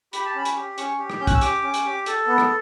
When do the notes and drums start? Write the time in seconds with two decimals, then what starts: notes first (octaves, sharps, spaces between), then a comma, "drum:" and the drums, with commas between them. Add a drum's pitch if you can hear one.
0.13 G4 B5, drum: hi-hat
0.25 A5
0.35 C#4 B5
0.45 drum: hi-hat
0.56 G4
0.78 C#4 C#6, drum: hi-hat
0.99 G4
1.10 drum: rim click
1.20 C#4 G6
1.27 F#6, drum: kick, hi-hat
1.35 E6
1.41 G4 D6, drum: hi-hat
1.63 C#4
1.74 drum: hi-hat
1.85 G4
2.06 A4, drum: hi-hat
2.27 B3
2.38 drum: rim click